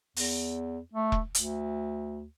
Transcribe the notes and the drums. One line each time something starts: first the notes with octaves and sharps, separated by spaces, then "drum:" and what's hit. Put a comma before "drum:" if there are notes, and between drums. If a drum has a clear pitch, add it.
E2, drum: open hi-hat
A3
drum: kick E1
D2, drum: hi-hat